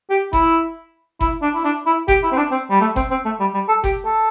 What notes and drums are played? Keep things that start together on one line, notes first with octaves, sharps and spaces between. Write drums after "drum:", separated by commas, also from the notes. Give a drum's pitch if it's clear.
G4
E4, drum: kick F#1, hi-hat
E4, drum: kick F#1
D4
E4
D4, drum: hi-hat
E4
G4, drum: kick F#1, hi-hat
E4
C4
D4
C4
G3
A3
C4, drum: kick F#1, hi-hat
C4
A3
G3
G3
A4
G4, drum: kick F#1, hi-hat
A4